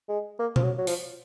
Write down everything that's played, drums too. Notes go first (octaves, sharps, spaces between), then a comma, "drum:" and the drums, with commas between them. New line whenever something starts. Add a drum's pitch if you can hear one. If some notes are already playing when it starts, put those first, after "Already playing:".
G#3
A#3
F3, drum: tom B2
F#3
F#3
F3, drum: open hi-hat